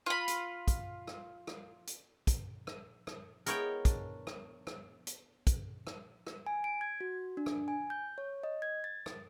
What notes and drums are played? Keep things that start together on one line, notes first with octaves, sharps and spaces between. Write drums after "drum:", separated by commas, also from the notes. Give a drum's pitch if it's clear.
F4 B5
drum: hi-hat
drum: kick, hi-hat
drum: rim click
drum: rim click
drum: hi-hat
drum: kick, hi-hat
drum: rim click
drum: rim click
G#3 B3 E4 A#4 C#5 G5, drum: hi-hat
D4, drum: kick, hi-hat
drum: rim click
drum: rim click
drum: hi-hat
drum: kick, hi-hat
drum: rim click
drum: rim click
G#5
D7
G#6
F#4
D4
drum: rim click
G#5
G6
C#5
D#5
G#6
A6
drum: rim click